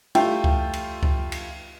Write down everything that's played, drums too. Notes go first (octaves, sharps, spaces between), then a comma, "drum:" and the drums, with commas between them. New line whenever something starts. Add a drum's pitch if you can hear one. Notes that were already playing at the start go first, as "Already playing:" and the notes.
G3 A3 E4 F4 G5, drum: cymbal
drum: kick C#2
drum: cymbal
drum: kick C#2
drum: cymbal